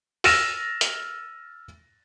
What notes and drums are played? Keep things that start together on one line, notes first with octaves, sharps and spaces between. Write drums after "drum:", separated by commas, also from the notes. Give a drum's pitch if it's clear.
E6 F6 A6 A#6 D#7 E7, drum: open hi-hat
drum: hi-hat